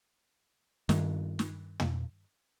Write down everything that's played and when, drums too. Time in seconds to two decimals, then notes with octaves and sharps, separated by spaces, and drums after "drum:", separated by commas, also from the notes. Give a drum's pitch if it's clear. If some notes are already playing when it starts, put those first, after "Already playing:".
0.89 G2 D#3, drum: snare
1.39 drum: snare
1.80 drum: tom